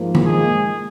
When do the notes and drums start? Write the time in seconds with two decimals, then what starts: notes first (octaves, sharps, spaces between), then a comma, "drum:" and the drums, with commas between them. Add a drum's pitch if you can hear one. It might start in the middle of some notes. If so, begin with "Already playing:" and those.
Already playing: G#2 F3 A#3
0.15 drum: tom D#3
0.25 G#3 G#4